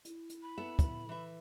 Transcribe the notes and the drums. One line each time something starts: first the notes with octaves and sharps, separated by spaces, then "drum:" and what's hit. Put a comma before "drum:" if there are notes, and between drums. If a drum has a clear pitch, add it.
E4, drum: hi-hat
drum: hi-hat
B5
B3 A4 E5
drum: kick, hi-hat
E3 E5